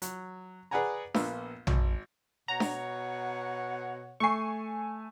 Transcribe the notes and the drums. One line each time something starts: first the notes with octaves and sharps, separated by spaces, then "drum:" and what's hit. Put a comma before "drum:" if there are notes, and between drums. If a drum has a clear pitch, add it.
F#3, drum: hi-hat
G#4 B4 D5 F#5 G#5 A#5
A#1 A#3 B3 F4 E6, drum: snare D4
G#1, drum: tom A#1
B2 C#5 F#5 A#5
drum: snare D4
A3 G#5 C#6 C7